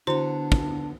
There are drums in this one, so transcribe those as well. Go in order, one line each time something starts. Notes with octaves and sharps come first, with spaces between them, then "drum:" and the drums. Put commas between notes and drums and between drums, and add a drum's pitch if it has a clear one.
D3 B3 D4 E4 F#4 C5
drum: kick